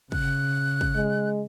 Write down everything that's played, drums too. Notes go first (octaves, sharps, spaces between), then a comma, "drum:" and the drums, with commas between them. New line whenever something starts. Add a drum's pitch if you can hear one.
C#3 F#6, drum: kick
drum: kick
G#3